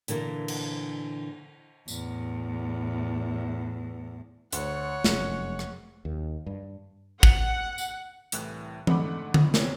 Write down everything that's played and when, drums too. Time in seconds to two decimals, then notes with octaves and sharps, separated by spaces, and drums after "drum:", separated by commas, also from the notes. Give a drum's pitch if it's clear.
0.08 A#2 D3 E3 A#3, drum: hi-hat
0.48 drum: cymbal
1.88 E2 A2, drum: tambourine
4.52 D2 C#5 F#5, drum: hi-hat
5.04 F1 F#2 G#3, drum: snare
5.59 drum: rim click
6.05 D#2
6.46 G2
7.23 F#5, drum: kick
7.78 drum: tambourine
8.32 C2 A2 E3 F#6, drum: hi-hat
8.87 G#2 D3 A3 F#5 B5 D6, drum: tom E3
9.34 drum: tom D3
9.54 A#1 C3 E3 B3 C4 C#5, drum: snare